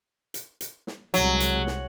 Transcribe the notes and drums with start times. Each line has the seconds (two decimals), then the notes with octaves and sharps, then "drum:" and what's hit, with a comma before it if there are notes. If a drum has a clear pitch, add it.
0.34 drum: hi-hat
0.61 drum: hi-hat
0.87 drum: snare
1.14 C2 F#3 G#3, drum: hi-hat
1.40 drum: hi-hat
1.67 drum: snare